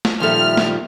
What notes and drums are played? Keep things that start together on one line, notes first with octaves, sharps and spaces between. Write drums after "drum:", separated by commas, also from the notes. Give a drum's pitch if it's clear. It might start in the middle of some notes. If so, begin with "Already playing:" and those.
drum: snare
A#2 D#3 F3 G3 A4 E5 F6
drum: snare